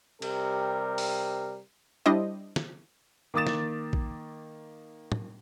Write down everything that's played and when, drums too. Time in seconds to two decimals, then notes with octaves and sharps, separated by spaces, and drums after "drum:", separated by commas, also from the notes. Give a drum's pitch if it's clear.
0.22 C3 G3 A#4, drum: cymbal
0.98 drum: open hi-hat
2.06 G3 D4 E4 G4 C5 D#5
2.56 drum: snare
3.34 D#3 A#3 D6 D#6 A6 E7
3.47 drum: snare
3.93 drum: kick A#1
5.12 drum: tom